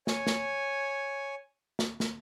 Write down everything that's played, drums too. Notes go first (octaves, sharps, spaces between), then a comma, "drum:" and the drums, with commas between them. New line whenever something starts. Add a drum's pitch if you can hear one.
C#5 G#5, drum: snare
drum: snare
drum: snare
drum: snare